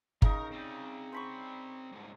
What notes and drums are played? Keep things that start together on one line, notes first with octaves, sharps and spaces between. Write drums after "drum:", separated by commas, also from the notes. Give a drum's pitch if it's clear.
C#3 D#4 A#4 A#5, drum: kick G1
C4 D5
C5 B5 C#6
C2 G#2